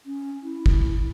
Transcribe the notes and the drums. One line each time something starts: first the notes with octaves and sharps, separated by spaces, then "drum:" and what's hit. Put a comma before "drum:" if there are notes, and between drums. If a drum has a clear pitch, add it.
C#4
E4
drum: kick